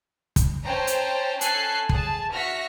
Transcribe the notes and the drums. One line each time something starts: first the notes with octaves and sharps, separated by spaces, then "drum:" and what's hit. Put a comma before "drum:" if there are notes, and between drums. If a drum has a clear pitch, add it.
drum: kick, hi-hat
C#4 C5 G5 A5 A#5
drum: hi-hat
C#4 A4 G#5 F#6 C7, drum: hi-hat
G#4 A5, drum: kick
F#4 E5 F6 A#6 B6 C#7